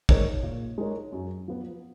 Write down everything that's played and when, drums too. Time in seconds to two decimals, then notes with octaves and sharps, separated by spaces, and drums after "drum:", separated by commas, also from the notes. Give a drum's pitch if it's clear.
0.09 G#3 D#4 A#4 C#5, drum: kick
0.43 A#2
0.78 G#3 D#4 A#4 C#5
1.13 F#2
1.48 F3 B3